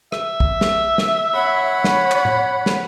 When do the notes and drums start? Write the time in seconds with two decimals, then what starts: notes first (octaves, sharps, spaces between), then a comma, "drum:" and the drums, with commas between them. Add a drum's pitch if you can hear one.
0.12 E5, drum: rim click
0.40 drum: kick
0.61 drum: snare
0.98 drum: snare
1.34 C#5 F#5 B5
1.84 drum: snare
2.11 drum: clap
2.25 drum: tom A2
2.66 drum: snare